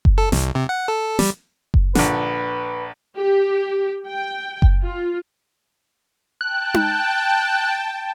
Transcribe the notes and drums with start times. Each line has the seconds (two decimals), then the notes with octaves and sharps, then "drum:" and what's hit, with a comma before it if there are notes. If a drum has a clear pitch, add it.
0.05 drum: kick F#1
0.18 A4
0.32 C2, drum: snare
0.55 C3
0.69 F#5
0.88 A4
1.19 G3, drum: snare
1.74 drum: kick F#1
1.95 A#1 D3 B4, drum: snare
3.16 G4
4.07 G5
4.62 drum: kick F#1
4.83 F4
6.41 G5 A5 F#6
6.74 drum: tom D#4